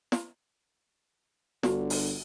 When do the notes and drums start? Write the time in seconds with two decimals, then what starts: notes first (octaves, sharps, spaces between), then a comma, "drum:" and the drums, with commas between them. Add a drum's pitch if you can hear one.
0.12 drum: snare
1.63 G1 D3 F#4, drum: snare
1.90 drum: open hi-hat